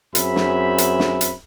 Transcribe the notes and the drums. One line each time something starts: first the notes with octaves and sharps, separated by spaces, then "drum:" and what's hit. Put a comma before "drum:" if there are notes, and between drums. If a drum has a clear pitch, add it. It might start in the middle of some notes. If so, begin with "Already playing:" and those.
F#2 C4 G#4 E5 B5, drum: hi-hat
drum: snare
drum: hi-hat
drum: snare
drum: hi-hat